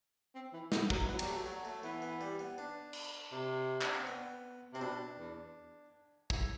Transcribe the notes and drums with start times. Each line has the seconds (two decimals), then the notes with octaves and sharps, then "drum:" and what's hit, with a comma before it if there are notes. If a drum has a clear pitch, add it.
0.35 C4
0.53 E3
0.72 E3, drum: snare
0.90 F#3, drum: kick
1.04 E3
1.09 F#3 B3
1.19 G3, drum: cymbal
1.28 A3
1.46 F#3
1.65 A3
1.83 E3 B3
2.02 B3
2.21 G3
2.39 B3
2.58 D4
2.93 drum: cymbal
3.32 C3
3.81 D4, drum: clap
3.94 C4
4.07 B3
4.73 C3 C4
4.81 B2 D4
5.18 E2
6.30 E4, drum: kick